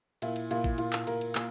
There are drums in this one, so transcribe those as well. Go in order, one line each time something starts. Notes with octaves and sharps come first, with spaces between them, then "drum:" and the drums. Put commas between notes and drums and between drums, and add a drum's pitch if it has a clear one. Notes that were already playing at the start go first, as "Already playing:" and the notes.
A#2 E4, drum: cymbal
drum: cymbal
A#2 E4, drum: cymbal
drum: kick
A#2 F4, drum: cymbal
drum: clap
A#2 A#4, drum: cymbal
drum: cymbal
A#2, drum: clap